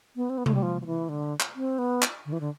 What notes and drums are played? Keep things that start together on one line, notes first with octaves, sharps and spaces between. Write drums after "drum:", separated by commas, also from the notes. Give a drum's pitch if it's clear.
B3
C4
B3
A3, drum: tom C3
G3
F3
F3
E3
D3
drum: clap
C4
B3
drum: clap
D3
E3
D3